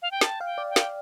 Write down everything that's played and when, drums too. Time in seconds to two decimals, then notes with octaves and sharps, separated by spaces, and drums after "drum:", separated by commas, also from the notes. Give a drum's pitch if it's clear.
0.02 F5
0.11 G5
0.21 G5 A5, drum: snare
0.40 F5 G5
0.58 D5
0.70 G5
0.76 F5, drum: snare